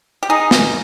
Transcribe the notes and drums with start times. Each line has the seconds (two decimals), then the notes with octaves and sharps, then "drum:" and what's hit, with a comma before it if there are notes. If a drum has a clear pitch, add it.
0.23 G4
0.29 D#4 G#4
0.51 drum: snare